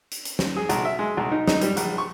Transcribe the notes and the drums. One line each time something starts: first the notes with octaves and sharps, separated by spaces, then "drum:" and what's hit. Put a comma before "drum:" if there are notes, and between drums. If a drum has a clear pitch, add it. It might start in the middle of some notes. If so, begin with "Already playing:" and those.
drum: hi-hat
drum: hi-hat
drum: snare
G#4
B1, drum: hi-hat
E5
G#3
B1
D#4
D#4, drum: snare
G3, drum: hi-hat
A#1, drum: hi-hat
C#6